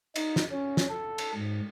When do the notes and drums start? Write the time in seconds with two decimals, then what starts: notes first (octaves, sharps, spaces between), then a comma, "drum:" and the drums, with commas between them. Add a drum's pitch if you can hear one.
0.16 D#4, drum: cymbal
0.36 drum: snare
0.51 C#4
0.77 drum: snare
0.89 A4
1.18 drum: cymbal
1.35 G#2